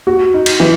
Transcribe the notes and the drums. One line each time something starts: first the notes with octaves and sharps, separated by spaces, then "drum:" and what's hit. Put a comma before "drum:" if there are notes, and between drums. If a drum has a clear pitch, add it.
F#4
D#4
drum: cymbal
E3